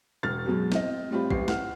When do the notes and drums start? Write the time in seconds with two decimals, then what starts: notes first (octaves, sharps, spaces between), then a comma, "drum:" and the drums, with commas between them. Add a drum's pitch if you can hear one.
0.23 E1 F6 A6
0.46 F#2 B2 G#3
0.72 C4 D#5, drum: snare
1.11 A2 G3 C4 F4 B5
1.31 A1 G3 C7, drum: kick
1.48 F#5 F6, drum: snare